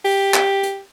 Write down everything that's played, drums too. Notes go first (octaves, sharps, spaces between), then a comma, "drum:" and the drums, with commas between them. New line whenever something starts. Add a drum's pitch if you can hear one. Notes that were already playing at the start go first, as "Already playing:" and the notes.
G4, drum: open hi-hat
drum: clap
drum: hi-hat